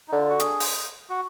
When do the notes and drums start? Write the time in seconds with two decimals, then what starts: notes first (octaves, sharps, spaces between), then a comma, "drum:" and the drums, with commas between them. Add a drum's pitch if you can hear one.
0.08 D3 D#4
0.18 F4
0.29 F#4
0.40 G#4, drum: hi-hat
0.60 drum: open hi-hat
1.10 F#4